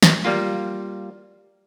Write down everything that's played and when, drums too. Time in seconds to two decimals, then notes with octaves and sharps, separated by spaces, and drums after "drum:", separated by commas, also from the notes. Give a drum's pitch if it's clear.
0.03 drum: snare
0.25 G3 A#3 F4